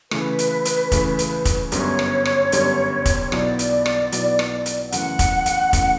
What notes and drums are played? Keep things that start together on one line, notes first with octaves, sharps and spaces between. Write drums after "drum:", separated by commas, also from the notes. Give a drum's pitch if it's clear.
C#3 E3 A3 B4, drum: rim click
drum: hi-hat
drum: hi-hat
C#3 E3 A3, drum: kick, hi-hat
drum: hi-hat
drum: kick, hi-hat
G1 F#2 D3 G3 B3 C#5, drum: hi-hat
drum: rim click
drum: rim click
G1 F#2 D3 G3 B3, drum: hi-hat
drum: kick, hi-hat
C#5
B1 B2 F#3 B3 E4 D5, drum: rim click
drum: hi-hat
drum: rim click
B1 B2 F#3 B3 E4, drum: hi-hat
drum: rim click
drum: hi-hat
F#2 C#3 E3 A3 F#5, drum: hi-hat
drum: kick, hi-hat
drum: hi-hat
C#3 E3 A3, drum: kick, hi-hat